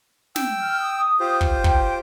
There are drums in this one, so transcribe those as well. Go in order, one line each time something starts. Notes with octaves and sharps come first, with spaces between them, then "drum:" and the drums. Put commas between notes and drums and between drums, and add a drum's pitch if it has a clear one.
G5 E6, drum: snare
F6
D#6
F4 G4 C5
drum: kick
G5, drum: kick